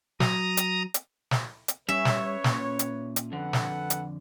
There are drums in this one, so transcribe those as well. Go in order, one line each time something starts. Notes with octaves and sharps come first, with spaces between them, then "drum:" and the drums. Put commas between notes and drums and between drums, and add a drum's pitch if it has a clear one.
F#3 A#5 D#6, drum: snare
drum: hi-hat
drum: hi-hat
drum: snare
drum: hi-hat
G3 C#4 B4 C#5 E5
drum: snare
A#2, drum: snare
drum: hi-hat
drum: hi-hat
F2 D3 A4 B4 F#5
drum: snare
drum: hi-hat